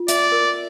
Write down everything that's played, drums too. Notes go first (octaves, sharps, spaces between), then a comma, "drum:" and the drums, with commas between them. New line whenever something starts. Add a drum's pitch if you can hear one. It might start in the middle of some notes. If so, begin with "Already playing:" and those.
Already playing: F4
D5 E5, drum: hi-hat
A#4